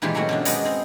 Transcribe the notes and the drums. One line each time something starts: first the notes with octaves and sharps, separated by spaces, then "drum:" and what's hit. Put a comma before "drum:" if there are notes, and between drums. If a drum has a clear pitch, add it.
A#2 D#3 E3 G#3 F4 G4
F#3 A3 C4 C#4 F#4
B2 C#4 D4
G#3 B3 D#4 A#4, drum: hi-hat
C4 G#4